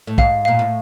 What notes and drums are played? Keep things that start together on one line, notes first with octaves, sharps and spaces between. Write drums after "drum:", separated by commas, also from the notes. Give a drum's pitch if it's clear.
A2
G#2 F5, drum: kick
A#2 F5
A2